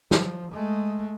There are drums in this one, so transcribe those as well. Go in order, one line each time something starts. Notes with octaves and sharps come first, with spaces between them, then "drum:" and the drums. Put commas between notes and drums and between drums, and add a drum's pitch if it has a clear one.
F3, drum: snare
G#3 A3